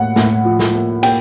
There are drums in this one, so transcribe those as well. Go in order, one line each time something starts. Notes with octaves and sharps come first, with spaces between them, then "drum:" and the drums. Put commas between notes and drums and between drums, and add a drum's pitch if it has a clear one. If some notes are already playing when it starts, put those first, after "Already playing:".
Already playing: A2 A#3 F#5
A2, drum: snare
F3
drum: snare
A#3
A#3 G5, drum: cymbal